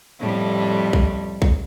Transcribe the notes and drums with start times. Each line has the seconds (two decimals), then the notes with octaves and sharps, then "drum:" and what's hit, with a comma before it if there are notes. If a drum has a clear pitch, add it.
0.21 F2 A2 G3
0.93 drum: kick
1.42 drum: kick